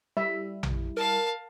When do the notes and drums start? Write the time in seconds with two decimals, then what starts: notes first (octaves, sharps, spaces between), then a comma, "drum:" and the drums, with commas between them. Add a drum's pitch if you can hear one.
0.17 G3 E4 E5
0.63 drum: tom A#1
0.97 A#4 F5 A5